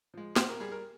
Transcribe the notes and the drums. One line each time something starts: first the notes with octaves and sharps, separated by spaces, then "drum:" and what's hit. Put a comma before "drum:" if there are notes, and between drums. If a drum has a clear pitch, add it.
F3 G#3
A#2 C5, drum: snare
A#4
G3 G#4
A#4